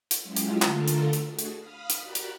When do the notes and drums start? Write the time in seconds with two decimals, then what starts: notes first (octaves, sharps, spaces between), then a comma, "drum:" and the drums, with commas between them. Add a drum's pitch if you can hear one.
0.11 drum: hi-hat
0.23 F#3 G#3 C#4 E4 F4 G4
0.37 drum: hi-hat
0.62 D3 A3 F4 A4 A#4, drum: clap
0.88 drum: hi-hat
1.13 drum: hi-hat
1.26 A3 D4 F#4 G#4
1.39 drum: hi-hat
1.58 F5 B5 D#6 F6
1.90 drum: hi-hat
1.99 F#4 G4 A#4 D5 B5 F#6
2.15 drum: hi-hat